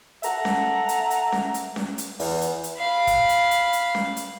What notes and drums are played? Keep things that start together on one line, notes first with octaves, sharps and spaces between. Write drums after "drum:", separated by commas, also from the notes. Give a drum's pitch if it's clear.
A4 E5 F#5 A#5, drum: hi-hat
drum: snare C#4
drum: hi-hat
drum: hi-hat
drum: snare C#4
drum: hi-hat
drum: snare C#4
drum: hi-hat
E2, drum: open hi-hat
drum: hi-hat
drum: hi-hat
F5 B5
drum: kick, hi-hat
drum: hi-hat
drum: hi-hat
drum: hi-hat
drum: snare C#4
drum: hi-hat